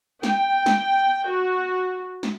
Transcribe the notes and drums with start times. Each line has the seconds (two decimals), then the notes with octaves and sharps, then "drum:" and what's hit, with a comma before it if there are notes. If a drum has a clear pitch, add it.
0.23 G5, drum: snare
0.66 drum: snare
1.26 F#4
2.23 drum: snare